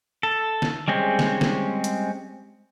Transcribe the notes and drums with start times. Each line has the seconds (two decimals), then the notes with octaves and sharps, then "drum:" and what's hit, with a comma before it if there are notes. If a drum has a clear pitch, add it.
0.23 A4
0.62 drum: snare
0.88 G3 G#3 C4 C#4
1.19 drum: snare
1.41 drum: snare
1.84 drum: hi-hat